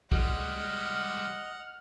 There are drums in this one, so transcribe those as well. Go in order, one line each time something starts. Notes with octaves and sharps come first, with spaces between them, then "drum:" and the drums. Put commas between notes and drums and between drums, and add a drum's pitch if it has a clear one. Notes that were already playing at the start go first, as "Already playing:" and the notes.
G3 G#3 D#5 F#5 F6, drum: kick